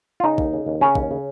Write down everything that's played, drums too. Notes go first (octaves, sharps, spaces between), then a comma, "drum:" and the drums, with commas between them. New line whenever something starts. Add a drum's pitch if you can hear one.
F4
C#3 D#4
D#2, drum: kick
C#3
D#2
C#3 C#4
D#2, drum: kick
C#3